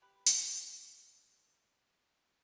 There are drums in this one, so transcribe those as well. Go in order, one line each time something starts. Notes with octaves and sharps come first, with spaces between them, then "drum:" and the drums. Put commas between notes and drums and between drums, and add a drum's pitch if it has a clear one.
G4 B4
drum: hi-hat